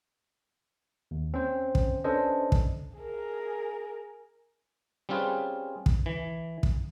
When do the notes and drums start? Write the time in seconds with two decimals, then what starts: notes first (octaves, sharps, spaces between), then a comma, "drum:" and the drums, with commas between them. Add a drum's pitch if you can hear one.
1.11 D#2
1.34 C4 C#4 C5
1.75 drum: kick
2.04 C#4 D4 A4 B4 C5 D#5
2.52 drum: kick
2.97 G#4 A#4
5.09 G3 C4 C#4 F4 G#4 B4
5.86 drum: kick
6.06 E3
6.63 drum: kick